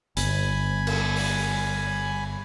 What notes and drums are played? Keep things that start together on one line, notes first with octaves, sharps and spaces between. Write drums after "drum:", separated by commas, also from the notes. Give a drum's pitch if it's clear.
G1 G#5 B5, drum: hi-hat
drum: cymbal
drum: open hi-hat